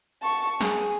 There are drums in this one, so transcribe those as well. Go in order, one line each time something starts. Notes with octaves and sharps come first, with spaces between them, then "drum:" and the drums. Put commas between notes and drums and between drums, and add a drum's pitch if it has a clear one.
A5 C#6
G#4, drum: snare